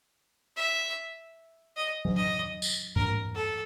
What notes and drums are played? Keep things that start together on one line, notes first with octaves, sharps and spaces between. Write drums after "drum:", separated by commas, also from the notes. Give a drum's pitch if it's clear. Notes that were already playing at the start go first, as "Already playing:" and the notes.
E5
D#5
drum: tom F#3
D#5
drum: tambourine
A#4, drum: tom G#2
A4